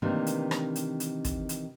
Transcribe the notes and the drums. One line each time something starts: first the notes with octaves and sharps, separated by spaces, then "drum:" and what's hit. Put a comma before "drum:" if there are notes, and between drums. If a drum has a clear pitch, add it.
C3 D#3 E3 A3 A#3 D4
drum: hi-hat
drum: rim click
drum: hi-hat
drum: hi-hat
drum: kick, hi-hat
drum: hi-hat